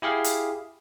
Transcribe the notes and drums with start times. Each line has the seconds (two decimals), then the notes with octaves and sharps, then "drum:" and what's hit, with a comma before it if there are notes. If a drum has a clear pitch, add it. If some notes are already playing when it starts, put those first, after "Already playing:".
0.02 E4 G4 G#4 F5
0.24 drum: hi-hat